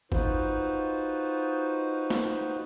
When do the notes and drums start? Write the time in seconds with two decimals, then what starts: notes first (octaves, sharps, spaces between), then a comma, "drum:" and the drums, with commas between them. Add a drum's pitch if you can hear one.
0.12 D#4 F4 F#4 B4 C5, drum: kick G1
2.10 drum: snare